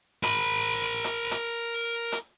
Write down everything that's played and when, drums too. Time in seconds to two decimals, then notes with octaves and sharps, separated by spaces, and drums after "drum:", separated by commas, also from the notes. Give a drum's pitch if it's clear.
0.23 A#4 B5, drum: hi-hat
1.04 drum: hi-hat
1.31 drum: hi-hat
2.12 drum: hi-hat